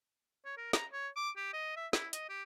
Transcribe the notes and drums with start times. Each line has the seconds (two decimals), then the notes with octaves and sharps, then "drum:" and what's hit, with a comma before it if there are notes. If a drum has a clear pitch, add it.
0.45 C#5
0.57 A#4
0.73 A#5, drum: snare
0.93 C#5
1.16 D6
1.37 G4
1.53 D#5
1.76 E5
1.93 E4, drum: snare
2.13 D#5, drum: hi-hat
2.29 G4